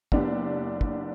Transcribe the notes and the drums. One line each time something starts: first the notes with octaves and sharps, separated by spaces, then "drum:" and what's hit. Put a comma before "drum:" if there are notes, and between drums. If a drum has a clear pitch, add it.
F#1 B3 D4 G4, drum: kick
drum: kick